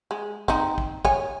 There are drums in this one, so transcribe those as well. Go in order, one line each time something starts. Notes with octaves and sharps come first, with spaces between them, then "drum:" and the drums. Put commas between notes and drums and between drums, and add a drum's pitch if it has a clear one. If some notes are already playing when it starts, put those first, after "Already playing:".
G#3
C4 D#4, drum: kick
drum: kick
C#5 G#5, drum: kick